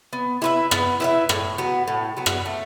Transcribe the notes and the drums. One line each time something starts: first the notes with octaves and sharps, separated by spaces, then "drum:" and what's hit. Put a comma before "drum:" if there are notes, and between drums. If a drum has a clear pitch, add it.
B3
E4 B4 E5
B3, drum: rim click
E4 B4 E5
A2, drum: rim click
F#3 B3
A2
F#3 B3
drum: rim click
A3